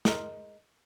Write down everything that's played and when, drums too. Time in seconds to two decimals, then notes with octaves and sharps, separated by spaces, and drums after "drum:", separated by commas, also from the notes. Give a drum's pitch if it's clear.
0.05 G#3 A#4, drum: snare